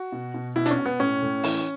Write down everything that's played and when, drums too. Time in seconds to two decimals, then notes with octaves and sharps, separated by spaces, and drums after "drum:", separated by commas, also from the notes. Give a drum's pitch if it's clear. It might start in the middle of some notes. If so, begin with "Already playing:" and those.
Already playing: F#4
0.12 B2
0.34 B2
0.56 B2 E4
0.66 D4, drum: hi-hat
0.71 C#4
0.78 B2
0.85 B3
1.00 A2 C#4
1.22 A2
1.44 E3, drum: open hi-hat